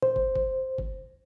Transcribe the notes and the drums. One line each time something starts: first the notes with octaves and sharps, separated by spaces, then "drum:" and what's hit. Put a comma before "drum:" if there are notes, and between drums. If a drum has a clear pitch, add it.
C5, drum: tom A#2
drum: kick
drum: kick
drum: kick